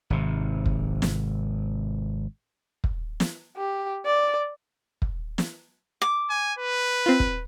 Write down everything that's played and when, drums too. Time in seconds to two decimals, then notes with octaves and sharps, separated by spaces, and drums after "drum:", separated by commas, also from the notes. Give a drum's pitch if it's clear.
0.10 G#1 C3
0.66 drum: kick
1.02 drum: snare
2.84 drum: kick
3.20 drum: snare
3.56 G4
4.05 D5
5.02 drum: kick
5.38 drum: snare
6.02 D6
6.30 G#5
6.59 B4
7.06 C4 F4
7.20 drum: kick